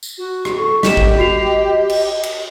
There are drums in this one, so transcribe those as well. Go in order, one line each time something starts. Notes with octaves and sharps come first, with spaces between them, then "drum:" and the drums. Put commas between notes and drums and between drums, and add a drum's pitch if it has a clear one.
drum: tambourine
F#4
drum: rim click
A4 C#6
G4 D#5 B6 E7, drum: snare
drum: kick
F#4 C7 F7
drum: cymbal
drum: cymbal